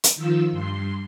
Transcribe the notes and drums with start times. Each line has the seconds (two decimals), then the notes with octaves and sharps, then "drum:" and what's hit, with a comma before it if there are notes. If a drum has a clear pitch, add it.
0.04 drum: hi-hat
0.15 D#3 F3 F4 E6
0.51 G2 C6